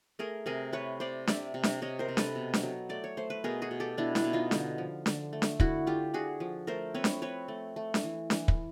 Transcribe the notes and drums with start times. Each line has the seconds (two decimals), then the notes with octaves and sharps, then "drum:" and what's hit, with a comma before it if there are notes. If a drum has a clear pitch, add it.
0.19 A3 G#4 A#4
0.46 C3 G#4 A#4
0.73 A3 B4 C#5
1.00 C3 C5 D5
1.27 C3 D5 E5, drum: snare D4
1.54 C3
1.63 drum: snare D4
1.82 C3 C#5 D#5
1.99 A#4 C5
2.08 C3
2.17 A4 B4, drum: snare D4
2.35 B2
2.54 drum: snare D4
2.63 F#3
2.89 A3 D5
3.04 C#5
3.17 A3 C5
3.30 B4
3.44 B2 G#4 A#4
3.62 F#4 G#4
3.71 B2
3.80 G4 A4
3.97 B2 D4 E4
4.15 D4 E4, drum: snare D4
4.24 B2
4.33 D#4 F4
4.51 D3, drum: snare D4
4.78 F3
5.06 D3, drum: snare D4
5.33 A3
5.42 drum: snare D4
5.60 D3 E4 F#4, drum: kick
5.87 A3 F4 G4
6.14 D3 F#4 G#4
6.40 F3
6.67 A3 A#4 C5
6.94 C4 B4 C#5
7.04 drum: snare D4
7.22 C4 B4 C#5
7.48 A3
7.76 A3
7.94 drum: snare D4
8.03 E3
8.30 E3, drum: snare D4
8.48 drum: kick